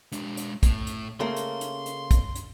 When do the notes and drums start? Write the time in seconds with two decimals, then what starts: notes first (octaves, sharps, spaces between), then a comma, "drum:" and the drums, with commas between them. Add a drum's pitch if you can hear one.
0.12 G#3 D4, drum: hi-hat
0.37 drum: hi-hat
0.63 A2, drum: kick, hi-hat
0.87 drum: hi-hat
1.20 C#3 A3 A#3 C6
1.36 drum: hi-hat
1.61 drum: hi-hat
1.86 drum: hi-hat
2.11 drum: kick, hi-hat
2.35 drum: hi-hat